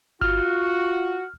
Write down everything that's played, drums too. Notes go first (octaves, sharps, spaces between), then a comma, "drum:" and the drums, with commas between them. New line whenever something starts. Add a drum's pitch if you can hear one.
F4 F#4 F6, drum: kick G1